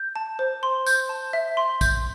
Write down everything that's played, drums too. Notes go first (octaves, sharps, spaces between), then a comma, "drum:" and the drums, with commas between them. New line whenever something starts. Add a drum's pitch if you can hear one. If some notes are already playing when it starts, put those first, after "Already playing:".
Already playing: G6
A5
C5
C6
G6, drum: tambourine
A5
E5
C6
G6, drum: kick, tambourine